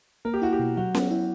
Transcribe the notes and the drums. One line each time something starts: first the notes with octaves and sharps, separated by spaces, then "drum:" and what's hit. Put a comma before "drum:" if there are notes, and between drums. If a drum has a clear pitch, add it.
A#3 A#4
G4
E4 F#4
G4
B2
F#3 F#4
B3, drum: snare C#4
E4